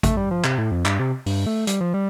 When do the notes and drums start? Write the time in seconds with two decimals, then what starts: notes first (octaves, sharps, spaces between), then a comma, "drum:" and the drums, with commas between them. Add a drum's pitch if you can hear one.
0.03 A3, drum: kick, hi-hat
0.17 G3
0.31 F3
0.44 C3, drum: clap
0.58 A2
0.71 F2
0.85 G2, drum: clap
0.99 C3
1.26 G2, drum: open hi-hat
1.46 A3
1.67 G3, drum: hi-hat
1.81 F3
1.94 G3